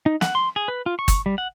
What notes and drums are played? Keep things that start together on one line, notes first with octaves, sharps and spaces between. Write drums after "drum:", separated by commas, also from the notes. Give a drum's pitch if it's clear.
D#4
F#5, drum: snare
C6
G#4
B4
F4
C#6
drum: kick, hi-hat
G3
F#5